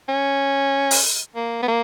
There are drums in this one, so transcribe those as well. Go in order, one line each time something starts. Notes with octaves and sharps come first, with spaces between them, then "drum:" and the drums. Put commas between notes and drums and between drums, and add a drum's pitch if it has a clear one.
C#4
drum: open hi-hat
A#3
B3
A#3